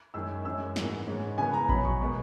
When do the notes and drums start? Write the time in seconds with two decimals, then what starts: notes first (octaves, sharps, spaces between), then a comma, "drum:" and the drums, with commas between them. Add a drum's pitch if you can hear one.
0.14 F#2 D#3 G#3 C#4 E6
0.45 F#2 E3 G#3 C#4 E6
0.76 G#2 E3 A#3, drum: snare
1.07 G#2 E3 G#3 C#4
1.38 C#3 E3 G#3 B3 G#5
1.53 A#5
1.69 B2 F#3 C#4 B5, drum: kick A1
1.85 C#6
2.01 B2 G#3 B3